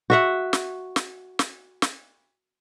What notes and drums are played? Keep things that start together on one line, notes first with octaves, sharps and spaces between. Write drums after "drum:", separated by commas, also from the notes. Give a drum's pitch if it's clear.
F#4 E5 F#5
drum: snare
drum: snare
drum: snare
drum: snare